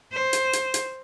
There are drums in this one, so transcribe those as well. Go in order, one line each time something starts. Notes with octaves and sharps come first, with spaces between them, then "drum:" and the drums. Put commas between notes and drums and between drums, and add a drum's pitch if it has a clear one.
C5
drum: hi-hat
drum: hi-hat
drum: hi-hat